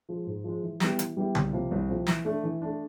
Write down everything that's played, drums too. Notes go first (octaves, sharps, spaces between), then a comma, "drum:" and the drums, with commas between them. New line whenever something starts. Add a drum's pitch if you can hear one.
F3 G#3
G#2
F3 G#3
E3
G3 B3 E4 G4, drum: snare
E3, drum: hi-hat
G3 B3 E4 G4
C2, drum: tom C#3
C3 F3 A#3
C2
C3 F3 A#3
E3, drum: snare
A3 D4
E3
A3 D4